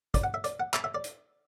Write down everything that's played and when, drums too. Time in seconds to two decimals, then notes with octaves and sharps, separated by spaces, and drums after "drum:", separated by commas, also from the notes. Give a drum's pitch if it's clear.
0.14 D5, drum: kick, hi-hat
0.24 F#5
0.34 E5
0.44 D5, drum: hi-hat
0.60 F#5
0.74 E5, drum: clap
0.84 E5
0.95 D5
1.04 drum: hi-hat